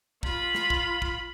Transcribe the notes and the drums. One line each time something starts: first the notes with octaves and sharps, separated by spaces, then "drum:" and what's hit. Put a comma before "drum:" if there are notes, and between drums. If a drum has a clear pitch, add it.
F4 B5, drum: kick
drum: snare
drum: kick
drum: kick